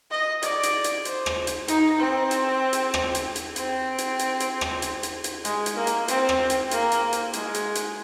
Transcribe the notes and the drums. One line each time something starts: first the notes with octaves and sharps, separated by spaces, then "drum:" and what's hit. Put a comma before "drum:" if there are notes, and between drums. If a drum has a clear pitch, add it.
D#5
D5, drum: hi-hat
drum: hi-hat
drum: hi-hat
C5, drum: hi-hat
drum: rim click
drum: hi-hat
D#4, drum: hi-hat
C4
drum: hi-hat
drum: hi-hat
drum: rim click
drum: hi-hat
drum: hi-hat
C4, drum: hi-hat
drum: hi-hat
drum: hi-hat
drum: hi-hat
drum: rim click
drum: hi-hat
drum: hi-hat
drum: hi-hat
G#3, drum: hi-hat
drum: hi-hat
A#3
drum: hi-hat
C4, drum: hi-hat
drum: rim click
drum: hi-hat
A#3, drum: hi-hat
drum: hi-hat
drum: hi-hat
G#3, drum: hi-hat
drum: hi-hat
drum: hi-hat